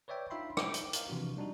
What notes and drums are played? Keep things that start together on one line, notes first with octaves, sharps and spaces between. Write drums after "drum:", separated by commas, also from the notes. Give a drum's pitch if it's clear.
B4 C#5 D5 E5 G5
D4 D#4 F4 E5 B5 C6
D#4 C5 E5 G5 D6, drum: rim click
drum: hi-hat
A#4 D#5 F5, drum: hi-hat
C3 E3 F3 D4 F#4
G3 D4 D#4 F#4